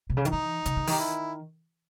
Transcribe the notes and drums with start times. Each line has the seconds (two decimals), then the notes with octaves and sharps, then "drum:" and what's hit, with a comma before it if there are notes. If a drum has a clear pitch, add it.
0.10 B2
0.17 C#3
0.25 D#3, drum: hi-hat
0.32 E3 D#4
0.65 C#3, drum: hi-hat
0.77 C#3
0.87 D#3 G4, drum: open hi-hat
0.99 E4